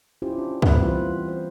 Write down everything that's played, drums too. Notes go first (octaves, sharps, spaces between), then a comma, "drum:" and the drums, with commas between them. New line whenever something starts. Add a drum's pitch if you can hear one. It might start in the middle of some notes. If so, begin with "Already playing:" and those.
C#4 E4 F4 G4 C5
D4
G3 C4 B4 E5 F#5, drum: kick
E3 A#3 C4 F4 B4
C5